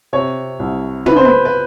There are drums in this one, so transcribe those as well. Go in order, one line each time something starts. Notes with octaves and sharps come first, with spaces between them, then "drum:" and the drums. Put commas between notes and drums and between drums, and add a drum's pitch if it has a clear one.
C3 C#5
C2
C#3 B4, drum: tom
C5
B4
B4